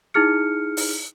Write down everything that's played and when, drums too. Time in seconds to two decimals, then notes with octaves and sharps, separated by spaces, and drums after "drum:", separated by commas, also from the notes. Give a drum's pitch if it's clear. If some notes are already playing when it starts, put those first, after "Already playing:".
0.14 D#4 E4 G#4 F6 C#7
0.77 drum: open hi-hat